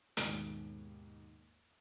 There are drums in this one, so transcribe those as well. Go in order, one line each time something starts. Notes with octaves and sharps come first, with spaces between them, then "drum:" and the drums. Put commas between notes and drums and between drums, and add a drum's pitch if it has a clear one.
D#2 G#2 B2, drum: hi-hat